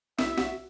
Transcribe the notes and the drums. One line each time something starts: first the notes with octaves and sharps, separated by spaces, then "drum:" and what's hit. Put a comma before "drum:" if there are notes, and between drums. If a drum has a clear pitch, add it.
E4 E5, drum: snare
F#4, drum: snare